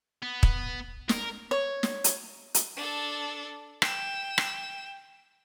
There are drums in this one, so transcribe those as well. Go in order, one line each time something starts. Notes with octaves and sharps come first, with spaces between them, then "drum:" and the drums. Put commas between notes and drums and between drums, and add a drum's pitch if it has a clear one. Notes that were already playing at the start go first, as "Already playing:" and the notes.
B3
drum: kick
A#4, drum: snare
C#5
drum: snare
drum: hi-hat
drum: hi-hat
D4 A4
G5 E7, drum: rim click
drum: rim click